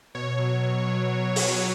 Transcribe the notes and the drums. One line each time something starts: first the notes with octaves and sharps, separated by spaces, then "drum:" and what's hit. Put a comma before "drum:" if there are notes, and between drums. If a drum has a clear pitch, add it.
B2 C#5
F#3
B2
F#3
F#3
F#3, drum: open hi-hat